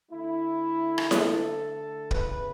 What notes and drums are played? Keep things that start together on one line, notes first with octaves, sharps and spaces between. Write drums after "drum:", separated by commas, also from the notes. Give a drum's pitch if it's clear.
D3 A3 E4
drum: rim click
A4, drum: snare E4
C#3 E3 B3 B4, drum: kick